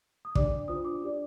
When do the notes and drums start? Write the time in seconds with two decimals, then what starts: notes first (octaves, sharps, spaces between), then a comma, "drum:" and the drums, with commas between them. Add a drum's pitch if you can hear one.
0.25 D#6
0.35 D4 G4 D5 D6, drum: kick
0.68 D4 F4 C5 D#6
0.85 D6
1.02 D4 G4 D5